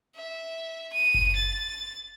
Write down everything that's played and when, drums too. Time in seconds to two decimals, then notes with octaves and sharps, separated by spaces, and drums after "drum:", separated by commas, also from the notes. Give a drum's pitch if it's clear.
0.16 E5
0.93 D#7
1.14 drum: kick F#1
1.35 A6